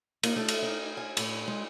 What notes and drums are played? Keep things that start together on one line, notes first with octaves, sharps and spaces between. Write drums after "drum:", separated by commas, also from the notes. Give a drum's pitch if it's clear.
A#3, drum: cymbal
A3
drum: cymbal
D#4
G#5
A2, drum: cymbal
G#3